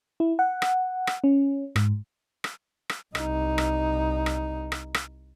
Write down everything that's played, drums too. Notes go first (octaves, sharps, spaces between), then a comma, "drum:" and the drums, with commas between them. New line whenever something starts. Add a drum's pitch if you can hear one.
E4
F#5
drum: rim click
drum: rim click
C#4
G#2, drum: rim click
drum: rim click
drum: rim click
C2 D#4, drum: rim click
drum: rim click
drum: rim click
drum: rim click
drum: rim click